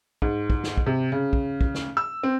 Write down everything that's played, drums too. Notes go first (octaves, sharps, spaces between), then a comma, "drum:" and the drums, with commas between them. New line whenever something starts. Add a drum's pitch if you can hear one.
G#2, drum: kick
drum: kick
drum: snare
drum: kick
C3
C#3
drum: kick
drum: kick
drum: snare
E6
C4